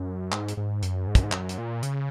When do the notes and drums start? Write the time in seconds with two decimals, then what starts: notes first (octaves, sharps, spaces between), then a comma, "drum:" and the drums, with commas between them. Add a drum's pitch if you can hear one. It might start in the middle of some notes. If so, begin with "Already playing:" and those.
Already playing: F#2
0.32 G#2, drum: clap
0.48 drum: hi-hat
0.57 G#2
0.82 F#2, drum: hi-hat
1.07 G#2
1.15 F#2, drum: kick, hi-hat
1.23 G#2
1.32 F#2, drum: clap
1.49 drum: hi-hat
1.58 A#2
1.83 C#3, drum: hi-hat